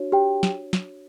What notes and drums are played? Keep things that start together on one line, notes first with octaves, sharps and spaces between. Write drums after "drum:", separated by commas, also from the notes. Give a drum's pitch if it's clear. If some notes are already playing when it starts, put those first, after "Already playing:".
Already playing: D4 F#4 C#5
G4 G5
drum: snare
drum: snare